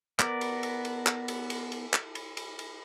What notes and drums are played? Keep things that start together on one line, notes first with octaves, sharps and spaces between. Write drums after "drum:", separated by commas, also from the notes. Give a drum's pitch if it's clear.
B3 A#4 D5, drum: clap
drum: cymbal
drum: cymbal
drum: cymbal
drum: clap
drum: cymbal
drum: cymbal
drum: cymbal
drum: clap
drum: cymbal
drum: cymbal
drum: cymbal